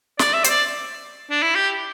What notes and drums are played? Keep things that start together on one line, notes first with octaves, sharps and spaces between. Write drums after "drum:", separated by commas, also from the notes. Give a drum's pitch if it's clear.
D5, drum: snare
E5
C5, drum: hi-hat
D5
D4
E4
G4